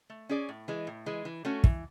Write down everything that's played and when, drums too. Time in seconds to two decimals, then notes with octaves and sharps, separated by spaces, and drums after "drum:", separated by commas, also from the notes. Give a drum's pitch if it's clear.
0.10 A3
0.29 C#4 G#4 D5
0.49 A2
0.68 E3 G#3
0.87 A2
1.06 E3 G#3
1.25 E3
1.45 A3 C#4 F#4
1.64 E3, drum: kick